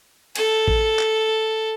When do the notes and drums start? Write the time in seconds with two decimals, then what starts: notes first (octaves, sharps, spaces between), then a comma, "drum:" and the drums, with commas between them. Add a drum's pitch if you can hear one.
0.36 A4, drum: cymbal
0.68 drum: kick A1
0.99 drum: clap